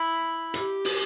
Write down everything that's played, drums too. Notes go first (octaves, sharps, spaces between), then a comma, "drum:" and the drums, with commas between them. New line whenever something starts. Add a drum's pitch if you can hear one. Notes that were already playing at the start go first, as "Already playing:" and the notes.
Already playing: E4
G4, drum: hi-hat
drum: open hi-hat